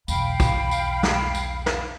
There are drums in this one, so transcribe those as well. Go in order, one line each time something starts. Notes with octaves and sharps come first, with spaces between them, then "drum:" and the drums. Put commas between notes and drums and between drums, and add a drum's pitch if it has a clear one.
B1 E2 F5 G5 B5, drum: tambourine
drum: kick, tambourine
drum: tambourine
drum: snare
drum: tambourine
drum: snare